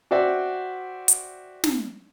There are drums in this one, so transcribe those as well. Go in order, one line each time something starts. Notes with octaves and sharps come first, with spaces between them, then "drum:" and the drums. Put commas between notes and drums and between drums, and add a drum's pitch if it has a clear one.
F#4 C5 D5 E5 G5
drum: hi-hat
drum: snare